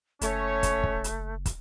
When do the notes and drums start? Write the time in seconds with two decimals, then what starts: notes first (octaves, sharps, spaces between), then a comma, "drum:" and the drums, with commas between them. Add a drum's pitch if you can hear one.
0.21 F#1 A3 C#4 C#5, drum: hi-hat
0.63 drum: kick, hi-hat
0.84 drum: kick
1.04 drum: hi-hat
1.46 drum: kick, hi-hat